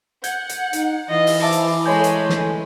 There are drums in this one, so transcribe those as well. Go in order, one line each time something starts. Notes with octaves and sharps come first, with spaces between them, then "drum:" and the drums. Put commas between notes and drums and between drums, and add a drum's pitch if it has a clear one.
F#5 G6 G#6, drum: hi-hat
drum: hi-hat
D#4, drum: hi-hat
E3 F4 D#5
drum: open hi-hat
C5 E5 A5 D6
drum: hi-hat
G#3 A3 C#5 D#5 G#5 B5 C6 G6
drum: hi-hat
drum: snare